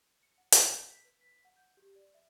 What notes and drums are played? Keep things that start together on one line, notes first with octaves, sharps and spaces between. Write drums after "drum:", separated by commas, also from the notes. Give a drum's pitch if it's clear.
C#7
F#5
C#5, drum: hi-hat
G6
B6
B4
B6
F#5
G6
G4
D5
E5